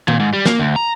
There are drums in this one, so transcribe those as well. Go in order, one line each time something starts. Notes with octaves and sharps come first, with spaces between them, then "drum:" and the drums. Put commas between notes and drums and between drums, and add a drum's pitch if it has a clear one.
A#2, drum: tom D#3
G#2
G3
A#3, drum: snare
D2
A#5